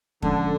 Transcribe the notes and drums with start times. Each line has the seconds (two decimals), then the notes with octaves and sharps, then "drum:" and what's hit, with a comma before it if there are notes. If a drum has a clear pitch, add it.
0.22 A2 D3 F3 G#3 C#4, drum: kick